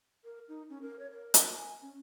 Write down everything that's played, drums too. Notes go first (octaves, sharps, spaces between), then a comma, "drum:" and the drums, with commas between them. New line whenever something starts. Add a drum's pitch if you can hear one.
A#4
D#4
C#4
A#4
C#5
A#4
drum: hi-hat
G#5
C#4